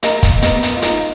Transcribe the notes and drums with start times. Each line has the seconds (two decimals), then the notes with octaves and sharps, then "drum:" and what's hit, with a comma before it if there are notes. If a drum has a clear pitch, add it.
0.03 A#3 A#4 D#5 A#5, drum: hi-hat
0.23 drum: kick, hi-hat
0.42 B3 A#4 D#5 A#5, drum: hi-hat
0.63 drum: hi-hat
0.77 F4
0.82 D#4 A#4 D#5 A#5, drum: hi-hat